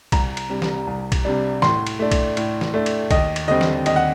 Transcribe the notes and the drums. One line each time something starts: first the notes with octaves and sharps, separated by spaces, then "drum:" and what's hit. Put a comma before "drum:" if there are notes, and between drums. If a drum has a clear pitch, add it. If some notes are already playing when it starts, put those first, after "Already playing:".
C2 A#5, drum: kick, cymbal
drum: cymbal
C3 G3 D4
drum: snare
C2
drum: kick, cymbal
C3 G3 D4
A2 C6, drum: snare
drum: cymbal
A3 D4
drum: kick, cymbal
A2, drum: cymbal
drum: snare
A3 D4
drum: cymbal
D#2 D#5, drum: kick, cymbal
drum: cymbal
D3 G3 C4 D#5
drum: snare
D#2 D#5, drum: cymbal
F#5